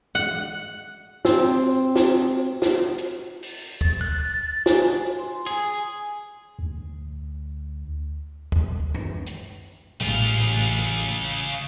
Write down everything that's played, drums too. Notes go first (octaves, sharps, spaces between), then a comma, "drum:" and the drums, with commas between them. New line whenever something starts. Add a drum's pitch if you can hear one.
F#5
C4, drum: snare
drum: snare
drum: snare
drum: hi-hat
drum: open hi-hat
A6, drum: kick
F#6
G#5, drum: snare
C6
G#4 G#5, drum: hi-hat
D2
drum: kick
drum: tom F#2
drum: hi-hat
A1 C#3 F4, drum: tom A#2